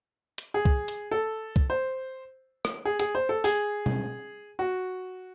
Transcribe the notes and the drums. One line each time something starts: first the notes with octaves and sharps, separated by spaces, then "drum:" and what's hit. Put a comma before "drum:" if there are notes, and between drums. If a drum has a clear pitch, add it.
drum: hi-hat
G#4
drum: kick C2
drum: hi-hat
A4
drum: kick C2
C5
drum: rim click
G#4
G#4, drum: hi-hat
C5
A4
G#4, drum: open hi-hat
drum: tom B2
F#4